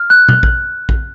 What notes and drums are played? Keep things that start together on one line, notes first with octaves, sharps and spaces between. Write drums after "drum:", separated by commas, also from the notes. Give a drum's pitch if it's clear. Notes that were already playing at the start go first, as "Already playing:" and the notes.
Already playing: F6
F#6
drum: tom
drum: kick A#1
drum: kick A#1